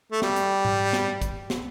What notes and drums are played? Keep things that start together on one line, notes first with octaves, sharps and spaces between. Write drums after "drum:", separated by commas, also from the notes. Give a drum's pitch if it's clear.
A3
G3, drum: snare
drum: hi-hat
drum: tom G#2
drum: snare
drum: kick, hi-hat
drum: snare